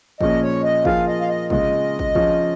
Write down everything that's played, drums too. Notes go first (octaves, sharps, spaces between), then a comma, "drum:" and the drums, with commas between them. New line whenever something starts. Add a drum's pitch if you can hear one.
A#2 F3 C#4 G#4 D#5, drum: kick
C#5
D#5
F3 A#3 F4 G#4 F5, drum: kick
D#5
F5
D#5
C#3 G#3 F4 D#5, drum: kick
drum: kick
F3 C#4 F4 G#4, drum: kick